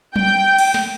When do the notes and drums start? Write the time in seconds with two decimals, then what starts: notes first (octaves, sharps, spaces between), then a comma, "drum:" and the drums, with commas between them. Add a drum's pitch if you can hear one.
0.16 G5 G6, drum: tom F#3
0.59 drum: cymbal
0.74 drum: snare